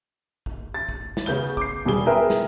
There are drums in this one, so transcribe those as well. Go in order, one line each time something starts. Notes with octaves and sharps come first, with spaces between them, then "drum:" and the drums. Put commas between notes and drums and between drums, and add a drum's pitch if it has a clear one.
drum: kick
A6
drum: kick
drum: snare
C#3 B3 G6 G7
D6 G6 C7, drum: kick
E1 B2 G3 G#4 G7
G#4 A#4 B4 E5 G5
drum: snare